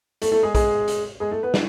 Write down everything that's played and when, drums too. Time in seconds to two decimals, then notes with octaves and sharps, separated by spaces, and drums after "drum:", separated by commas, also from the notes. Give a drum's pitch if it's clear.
0.22 A3 A4, drum: hi-hat
0.32 A3 A4
0.43 G#3 G#4
0.55 G#3 G#4, drum: kick A#1, hi-hat
0.88 drum: hi-hat
1.20 G#3 G#4
1.32 A3 A4
1.43 B3 B4
1.54 E4, drum: snare